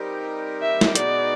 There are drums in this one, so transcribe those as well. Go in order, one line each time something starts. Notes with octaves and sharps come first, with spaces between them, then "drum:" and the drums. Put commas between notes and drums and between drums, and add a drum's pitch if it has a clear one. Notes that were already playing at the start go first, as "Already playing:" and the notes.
Already playing: G3 C4 D#4 G4 A#4
E5
drum: snare
B2 G#3 B3 D#4 F#4 D5, drum: hi-hat